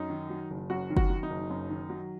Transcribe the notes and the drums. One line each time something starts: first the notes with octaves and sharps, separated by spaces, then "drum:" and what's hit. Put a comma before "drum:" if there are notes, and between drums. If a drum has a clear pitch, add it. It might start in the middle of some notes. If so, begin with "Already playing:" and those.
Already playing: F#2 D#4
D#3
F#3
F#1
F#2 F#4
D#3
F#4, drum: kick F#1
F#3
D#4
F#1
F#2
D#3
F#3